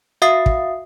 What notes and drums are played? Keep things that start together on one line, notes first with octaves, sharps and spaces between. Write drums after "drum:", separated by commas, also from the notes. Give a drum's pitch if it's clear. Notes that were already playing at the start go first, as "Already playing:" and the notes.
F#4 E5 F5 D#6 C7
drum: kick